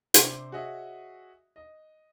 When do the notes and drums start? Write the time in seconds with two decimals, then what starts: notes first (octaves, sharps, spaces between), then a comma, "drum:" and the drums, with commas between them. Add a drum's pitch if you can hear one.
0.14 C3 D4 C5, drum: hi-hat
0.52 F#4 G#4 C#5 D#5 E5
1.56 D#5